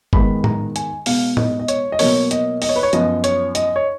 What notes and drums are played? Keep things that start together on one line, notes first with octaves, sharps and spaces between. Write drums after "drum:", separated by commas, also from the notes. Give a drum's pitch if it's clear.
G#2 D#3 G#3 B3 B5, drum: kick G1
A#5, drum: tom A2
G#5, drum: hi-hat
B2 G#3 B3 F5, drum: open hi-hat
D#5, drum: tom A2
D#5
C#5, drum: hi-hat
D#5
B2 F#3 A#3 C#5, drum: open hi-hat
D#5, drum: hi-hat
D#5, drum: open hi-hat
C#5
B4
C#5
F#2 F3 B3 D#5, drum: hi-hat
C#5, drum: hi-hat
D#5, drum: hi-hat
C#5